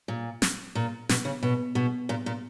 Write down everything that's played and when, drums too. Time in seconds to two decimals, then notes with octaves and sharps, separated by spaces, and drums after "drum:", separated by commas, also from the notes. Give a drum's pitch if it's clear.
0.08 A#2
0.42 drum: snare
0.75 A#2
1.09 B2, drum: snare
1.25 C#3
1.43 B2
1.75 B2
2.09 A#2
2.26 A#2